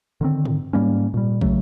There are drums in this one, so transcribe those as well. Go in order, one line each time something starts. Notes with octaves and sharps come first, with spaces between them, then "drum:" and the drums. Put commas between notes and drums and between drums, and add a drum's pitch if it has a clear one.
D3 D#3 C4
drum: tom
G#2 G3 A#3 C#4
A#2 G3
C#3 F#3 A3, drum: kick